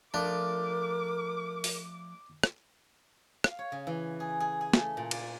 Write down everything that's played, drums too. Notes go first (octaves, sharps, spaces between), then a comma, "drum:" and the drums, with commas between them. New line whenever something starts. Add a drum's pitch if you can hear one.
F3 A3 D4 F4 A#4 D6
drum: open hi-hat
drum: rim click
F5, drum: rim click
C#5
C#3
E3
G#4
G#4
G#4
A3, drum: snare
A#2
D5, drum: cymbal